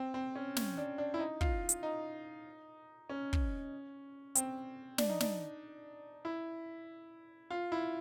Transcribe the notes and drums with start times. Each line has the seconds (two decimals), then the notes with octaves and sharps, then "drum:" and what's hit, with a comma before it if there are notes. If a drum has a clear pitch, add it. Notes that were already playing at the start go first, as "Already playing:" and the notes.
Already playing: C4
0.14 C4
0.35 C#4
0.56 C#4, drum: snare
0.78 D4
0.98 D4
1.14 E4
1.19 D#4
1.41 F4, drum: kick
1.69 drum: hi-hat
1.83 D#4
3.09 C#4
3.33 drum: kick
4.35 C4, drum: hi-hat
4.98 D4, drum: snare
5.09 D#4
5.20 D4, drum: snare
6.25 E4
7.50 F4
7.72 E4